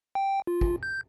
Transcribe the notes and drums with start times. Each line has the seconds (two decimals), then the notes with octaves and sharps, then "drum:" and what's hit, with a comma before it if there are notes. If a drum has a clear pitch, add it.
0.15 G5
0.47 F4
0.61 drum: kick
0.83 G6